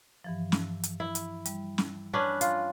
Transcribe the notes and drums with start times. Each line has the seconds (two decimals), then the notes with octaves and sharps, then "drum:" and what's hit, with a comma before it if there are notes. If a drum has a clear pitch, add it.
0.24 G2 E3 F3
0.52 drum: snare
0.83 drum: hi-hat
1.00 E4
1.15 drum: hi-hat
1.45 G3, drum: hi-hat
1.78 drum: snare
2.13 C#4 D4 B4
2.41 F4, drum: hi-hat